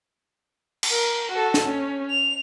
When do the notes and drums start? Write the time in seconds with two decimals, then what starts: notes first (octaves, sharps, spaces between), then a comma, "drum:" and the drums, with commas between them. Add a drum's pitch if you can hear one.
0.83 drum: cymbal
0.92 A#4
1.31 F#4 A4
1.54 drum: snare
1.65 C#4
2.10 F7